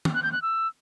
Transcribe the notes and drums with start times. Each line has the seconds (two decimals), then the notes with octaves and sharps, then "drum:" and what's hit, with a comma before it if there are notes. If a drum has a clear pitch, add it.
0.05 drum: tom
0.15 F#6
0.23 G6
0.32 F#6
0.42 E6